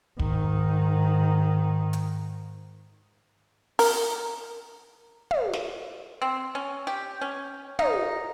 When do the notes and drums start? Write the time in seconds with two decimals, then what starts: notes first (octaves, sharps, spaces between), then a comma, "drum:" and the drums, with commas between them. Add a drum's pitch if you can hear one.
0.19 G#2 D#3, drum: kick
1.93 drum: hi-hat
3.79 A#4, drum: open hi-hat
5.31 drum: tom
5.53 drum: snare
6.22 C4
6.55 C#4
6.87 G4
7.21 C#4
7.79 D#4, drum: tom